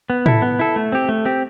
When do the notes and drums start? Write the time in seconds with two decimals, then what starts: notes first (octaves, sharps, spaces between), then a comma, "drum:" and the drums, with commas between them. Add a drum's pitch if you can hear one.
0.10 B3
0.26 E4 A4, drum: tom A2
0.42 B3
0.59 E4 A4
0.76 A3
0.92 C4 G4
1.09 A3
1.25 C4 G4